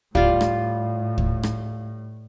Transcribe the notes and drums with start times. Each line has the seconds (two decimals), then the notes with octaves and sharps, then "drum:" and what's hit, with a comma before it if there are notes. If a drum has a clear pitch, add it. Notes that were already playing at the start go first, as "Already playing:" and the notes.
0.15 A2 G3 F4 F5, drum: kick
0.41 drum: rim click
1.18 drum: kick
1.43 drum: rim click